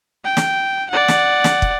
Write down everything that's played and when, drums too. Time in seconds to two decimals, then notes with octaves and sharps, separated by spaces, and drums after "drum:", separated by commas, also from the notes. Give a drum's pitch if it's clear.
0.25 G5
0.37 drum: snare
0.90 D5 F#5
1.08 drum: snare
1.44 drum: snare
1.62 drum: kick